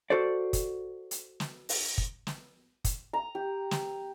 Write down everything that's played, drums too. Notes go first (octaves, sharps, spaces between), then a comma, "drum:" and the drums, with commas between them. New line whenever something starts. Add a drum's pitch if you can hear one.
F#4 A4 C5 D5
drum: kick, hi-hat
drum: hi-hat
drum: snare
drum: open hi-hat
drum: kick
drum: snare
drum: kick, hi-hat
A#5
G4
drum: snare